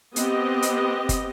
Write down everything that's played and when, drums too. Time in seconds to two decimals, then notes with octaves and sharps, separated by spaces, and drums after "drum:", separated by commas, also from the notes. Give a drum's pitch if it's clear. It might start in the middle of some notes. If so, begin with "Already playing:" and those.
0.16 B3 C4 G4 D#5, drum: hi-hat
0.62 drum: hi-hat
1.09 drum: kick F#1, hi-hat